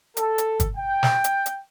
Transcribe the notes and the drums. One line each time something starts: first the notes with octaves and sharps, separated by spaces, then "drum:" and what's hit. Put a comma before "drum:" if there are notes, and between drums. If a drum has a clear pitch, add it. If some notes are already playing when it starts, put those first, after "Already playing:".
A4, drum: hi-hat
drum: hi-hat
drum: kick, hi-hat
G5
drum: snare
drum: hi-hat
drum: hi-hat